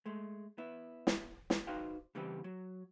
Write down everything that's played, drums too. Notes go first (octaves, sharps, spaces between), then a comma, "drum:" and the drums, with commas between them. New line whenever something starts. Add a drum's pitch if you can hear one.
G#3 A3
B3 E4
drum: snare
drum: snare
D#4 F#4 B4 C5 F5 G5
C#3 E3 G3 B3 C4 G4
F#3